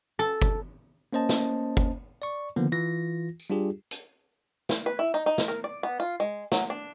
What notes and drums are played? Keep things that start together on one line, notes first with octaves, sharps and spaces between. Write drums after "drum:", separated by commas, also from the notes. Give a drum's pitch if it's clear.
A4
drum: kick
A#3 C#4 C5 D#5 A5
drum: snare
drum: kick
D5 C#6
D3 D#3 F3 A#3 B3
E3 F4 A#6
drum: tambourine
G3 D4 F4 G4 G#4
drum: hi-hat
drum: snare
B4
E4
D#4
D#4
drum: snare
A#4
D5
B3
F4
G#3
F#3, drum: snare
D4